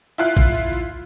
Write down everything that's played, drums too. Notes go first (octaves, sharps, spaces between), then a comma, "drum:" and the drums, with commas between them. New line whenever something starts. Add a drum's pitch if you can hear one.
E4 F4 F#6, drum: hi-hat
drum: kick, hi-hat
drum: hi-hat
drum: hi-hat